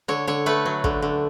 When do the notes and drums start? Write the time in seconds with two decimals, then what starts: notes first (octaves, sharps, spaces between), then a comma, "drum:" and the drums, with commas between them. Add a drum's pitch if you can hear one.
0.08 D3 C#5
0.27 D3 C#5
0.46 A3 B4
0.66 F#3
0.84 D3, drum: kick
1.02 D3